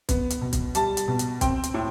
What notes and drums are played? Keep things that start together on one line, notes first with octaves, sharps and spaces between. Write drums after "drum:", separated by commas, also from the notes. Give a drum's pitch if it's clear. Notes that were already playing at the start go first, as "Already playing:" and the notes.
B3, drum: kick B1, hi-hat
drum: hi-hat
B2
drum: kick B1, hi-hat
G3 A5, drum: hi-hat
drum: hi-hat
B2
drum: hi-hat
C4 G5, drum: kick B1, hi-hat
drum: hi-hat
A2